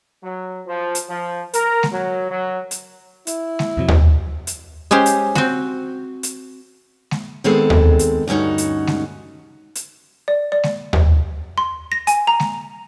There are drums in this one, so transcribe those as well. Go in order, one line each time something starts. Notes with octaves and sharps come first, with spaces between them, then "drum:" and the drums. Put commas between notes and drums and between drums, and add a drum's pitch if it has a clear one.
F#3
F3
drum: hi-hat
F3
A#4, drum: hi-hat
drum: snare G#3
F#3
F#3
drum: hi-hat
E4, drum: hi-hat
drum: snare G#3
F2 C3 F#3
drum: tom D#2
drum: hi-hat
G#3 C#4 G4 C5
drum: hi-hat
C4 F#4, drum: snare G#3
drum: hi-hat
drum: snare G#3
D#3 G#3 B3 C4 G#4 A4
drum: tom D#2
drum: hi-hat
D2 G2 C#4 D#4 F#4
drum: hi-hat
drum: snare G#3
drum: hi-hat
D5
D5
drum: snare G#3
drum: tom D#2
C6
A#6
G#5, drum: hi-hat
A#5
drum: snare G#3